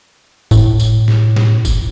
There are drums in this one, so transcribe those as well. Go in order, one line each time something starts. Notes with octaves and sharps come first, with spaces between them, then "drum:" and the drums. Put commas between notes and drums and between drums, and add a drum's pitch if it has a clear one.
A2, drum: kick G1, tambourine
drum: tambourine
drum: snare
drum: snare
drum: kick G1, tambourine